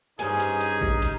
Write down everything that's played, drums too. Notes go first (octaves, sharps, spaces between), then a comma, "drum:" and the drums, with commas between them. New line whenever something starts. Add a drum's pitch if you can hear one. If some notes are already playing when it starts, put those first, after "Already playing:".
G2 C#4 D#4 G4 G#4 C5 G#5, drum: hi-hat
drum: hi-hat
drum: hi-hat
drum: kick G#1
drum: hi-hat